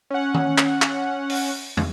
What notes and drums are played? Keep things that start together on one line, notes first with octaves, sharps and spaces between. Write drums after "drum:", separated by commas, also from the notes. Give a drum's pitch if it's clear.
C#4 F#5
drum: tom D#3
drum: clap
drum: clap
drum: open hi-hat
drum: tom